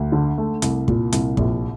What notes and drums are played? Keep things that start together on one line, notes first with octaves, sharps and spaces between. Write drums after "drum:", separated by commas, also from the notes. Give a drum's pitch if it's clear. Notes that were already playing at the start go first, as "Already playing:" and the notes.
Already playing: D2
D3
A3
C2, drum: hi-hat
A#2, drum: kick
C2, drum: hi-hat
A#1, drum: kick